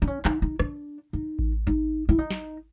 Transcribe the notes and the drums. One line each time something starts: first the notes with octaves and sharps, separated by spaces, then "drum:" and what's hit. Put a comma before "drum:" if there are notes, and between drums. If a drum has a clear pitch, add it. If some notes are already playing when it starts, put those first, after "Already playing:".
D4
C#4
D#4, drum: clap
D#4
D4, drum: rim click
D#4
drum: kick A1
D#4
E4
D#4
drum: snare